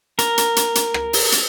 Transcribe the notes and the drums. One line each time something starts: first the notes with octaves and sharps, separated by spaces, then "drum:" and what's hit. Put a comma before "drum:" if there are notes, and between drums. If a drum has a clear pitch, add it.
A#4, drum: hi-hat
drum: hi-hat
drum: hi-hat
drum: hi-hat
drum: rim click
drum: open hi-hat
drum: hi-hat